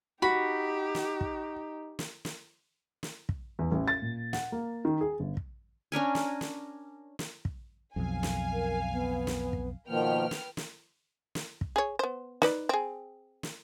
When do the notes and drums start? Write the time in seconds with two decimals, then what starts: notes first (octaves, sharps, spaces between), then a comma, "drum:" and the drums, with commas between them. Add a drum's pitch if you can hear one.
0.22 D#4 F#4 G4 B5
0.95 drum: snare
1.21 drum: kick
1.99 drum: snare
2.25 drum: snare
3.03 drum: snare
3.29 drum: kick
3.59 E2
3.72 A1
3.88 A6
4.02 A#2
4.33 F#5, drum: snare
4.52 A#3
4.85 D#3
5.01 G#4
5.20 G1
5.37 drum: kick
5.92 C#4 D4 A#4 G#5
6.15 drum: snare
6.41 drum: snare
7.19 drum: snare
7.45 drum: kick
7.96 B1 F2 F5 G#5
8.23 drum: snare
8.53 A#4
8.92 B3
9.27 drum: snare
9.53 drum: kick
9.88 B2 D#3 F3 A#3 B3 G5 F6
10.31 drum: snare
10.57 drum: snare
11.35 drum: snare
11.61 drum: kick
11.76 G#4 C#5
11.99 B3 C5
12.42 D#4 B4 D5, drum: snare
12.69 C4 G#4
13.43 drum: snare